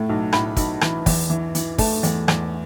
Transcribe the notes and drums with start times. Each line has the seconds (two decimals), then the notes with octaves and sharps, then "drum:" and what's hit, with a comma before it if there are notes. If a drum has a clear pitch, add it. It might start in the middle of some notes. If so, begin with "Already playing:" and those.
Already playing: A2 A3
0.09 B1
0.33 A2 B5, drum: rim click
0.57 B1, drum: kick, hi-hat
0.81 E3, drum: rim click
1.06 E2, drum: kick, open hi-hat
1.30 E3
1.55 E3, drum: hi-hat
1.78 A3 A5, drum: kick, open hi-hat
2.03 E2, drum: hi-hat
2.28 E2, drum: rim click